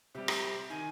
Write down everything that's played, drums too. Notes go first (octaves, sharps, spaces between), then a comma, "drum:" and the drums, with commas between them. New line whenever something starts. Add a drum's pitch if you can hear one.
C3 G3 G4
drum: rim click
D#3 G#5